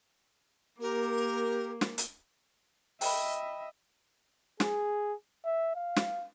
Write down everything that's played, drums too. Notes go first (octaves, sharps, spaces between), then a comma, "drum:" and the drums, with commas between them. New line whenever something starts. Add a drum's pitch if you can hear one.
A#3 G4 A#4
drum: snare
drum: hi-hat
D#5 E5 G5 B5, drum: open hi-hat
G#4, drum: snare
E5
F5
drum: snare